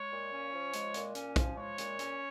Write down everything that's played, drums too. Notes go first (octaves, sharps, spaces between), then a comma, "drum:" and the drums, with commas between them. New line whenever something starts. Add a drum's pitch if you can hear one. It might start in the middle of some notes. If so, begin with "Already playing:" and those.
Already playing: G#3 C#5
A#2
C#4
F3
G#3, drum: hi-hat
A#2, drum: hi-hat
C#4, drum: hi-hat
F3, drum: kick, hi-hat
G#3 C#5
A#2, drum: hi-hat
C#4, drum: hi-hat